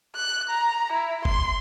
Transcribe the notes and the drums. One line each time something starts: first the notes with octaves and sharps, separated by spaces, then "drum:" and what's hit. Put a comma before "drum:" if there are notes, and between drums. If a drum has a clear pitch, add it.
F#6
A#5
E4
C6, drum: kick F#1